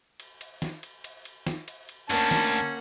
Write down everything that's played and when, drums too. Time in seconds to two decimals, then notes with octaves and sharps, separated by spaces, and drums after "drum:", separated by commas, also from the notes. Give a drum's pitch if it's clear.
0.20 drum: cymbal
0.41 drum: cymbal
0.62 drum: snare
0.83 drum: cymbal
1.04 drum: cymbal
1.25 drum: cymbal
1.47 drum: snare
1.68 drum: cymbal
1.89 drum: cymbal
2.10 D2 G#2 A#3 C#4 F#5 A5, drum: cymbal
2.31 drum: snare
2.52 drum: cymbal